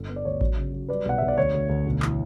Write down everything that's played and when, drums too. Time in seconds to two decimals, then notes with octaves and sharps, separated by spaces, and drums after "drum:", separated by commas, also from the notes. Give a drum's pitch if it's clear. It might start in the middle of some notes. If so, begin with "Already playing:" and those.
Already playing: G1 D3
0.09 B3
0.16 D5
0.25 D2 C#5
0.41 F#3, drum: kick A1
0.57 C#3
0.73 F#3
0.88 G3 B4 D5
1.05 B1 F#5
1.18 B1 E5
1.28 D5
1.38 D2 C#5
1.54 D2
1.69 D2
1.86 B1
2.02 E3, drum: clap